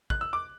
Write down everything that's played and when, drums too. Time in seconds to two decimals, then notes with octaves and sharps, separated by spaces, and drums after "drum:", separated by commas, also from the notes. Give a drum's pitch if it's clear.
0.10 F#6, drum: kick
0.21 E6
0.33 D6